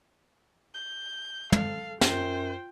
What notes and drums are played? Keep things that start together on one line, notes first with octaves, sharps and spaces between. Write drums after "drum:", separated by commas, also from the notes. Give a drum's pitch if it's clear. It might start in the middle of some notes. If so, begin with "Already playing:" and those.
G6
A4 F5, drum: tom
F#2 F4 C5 G5, drum: snare